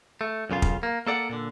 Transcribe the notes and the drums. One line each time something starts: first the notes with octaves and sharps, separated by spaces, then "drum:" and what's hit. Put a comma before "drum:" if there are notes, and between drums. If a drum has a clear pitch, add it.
A3
B1 F#2 C#3 F4
drum: kick
A#3
A#3 A4 D5 F#5
A#2 D3